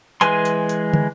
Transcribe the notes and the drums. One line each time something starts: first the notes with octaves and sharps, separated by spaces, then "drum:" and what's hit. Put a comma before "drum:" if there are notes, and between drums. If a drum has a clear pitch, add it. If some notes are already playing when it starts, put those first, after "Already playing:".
E3 G#3 B4 G#5 C6, drum: hi-hat
drum: hi-hat
drum: hi-hat
drum: tom